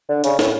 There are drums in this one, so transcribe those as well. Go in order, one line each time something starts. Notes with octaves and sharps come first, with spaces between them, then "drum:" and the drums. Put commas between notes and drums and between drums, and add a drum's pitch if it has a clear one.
D3
C#3, drum: hi-hat
A2, drum: snare